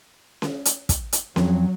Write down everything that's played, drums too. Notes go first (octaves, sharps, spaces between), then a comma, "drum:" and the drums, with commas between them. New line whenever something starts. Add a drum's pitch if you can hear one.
drum: snare C#4
drum: hi-hat
drum: kick, hi-hat
drum: hi-hat
F2 F#3, drum: snare C#4